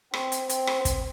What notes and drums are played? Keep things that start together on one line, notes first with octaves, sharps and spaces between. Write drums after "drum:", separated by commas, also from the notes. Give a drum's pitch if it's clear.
C4, drum: rim click
drum: hi-hat
C4, drum: hi-hat
drum: rim click
drum: kick, hi-hat